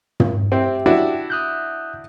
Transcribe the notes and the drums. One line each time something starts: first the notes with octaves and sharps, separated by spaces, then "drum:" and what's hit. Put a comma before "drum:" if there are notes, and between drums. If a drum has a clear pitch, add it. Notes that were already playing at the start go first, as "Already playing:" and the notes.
drum: tom
C4 G4 E5 G5
D4 E4 F#4
D#6 F#6 G6